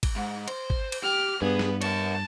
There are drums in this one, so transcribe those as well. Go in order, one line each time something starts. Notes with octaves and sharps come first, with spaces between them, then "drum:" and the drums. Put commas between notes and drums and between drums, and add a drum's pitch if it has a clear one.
drum: kick G#1, cymbal
G#2
C5, drum: cymbal
drum: kick G#1
drum: cymbal
G4 F6
G2 B3 G#4 B4
drum: snare
A#4 C#5 A5, drum: cymbal